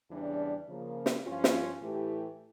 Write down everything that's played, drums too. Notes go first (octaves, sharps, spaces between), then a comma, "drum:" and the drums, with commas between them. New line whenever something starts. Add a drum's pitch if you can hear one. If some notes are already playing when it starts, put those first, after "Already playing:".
E2 C#3 E3 G3 D4
C#3 F3 A#3
drum: snare
G2 F3 C#4 F4
drum: snare
A2 E3 A3 E4 G4